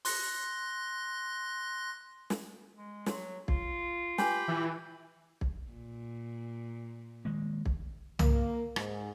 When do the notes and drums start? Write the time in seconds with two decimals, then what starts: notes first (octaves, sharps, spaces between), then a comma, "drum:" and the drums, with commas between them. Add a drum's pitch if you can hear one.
0.05 C6 F#6 A#6, drum: open hi-hat
2.30 drum: snare
2.76 G#3
3.06 F#3 G#4 C6, drum: snare
3.48 F4, drum: kick
4.18 G4 B4 G5 G#5 B5, drum: snare
4.48 A#2 E3
5.41 drum: kick
5.71 A#2
7.25 D#3 G#3 A#3
7.66 drum: kick
8.19 A#3, drum: tom C2
8.76 G#2, drum: rim click